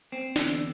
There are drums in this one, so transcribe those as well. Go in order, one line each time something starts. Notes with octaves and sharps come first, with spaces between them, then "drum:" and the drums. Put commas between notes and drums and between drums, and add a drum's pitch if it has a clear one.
C4
E2 D3, drum: snare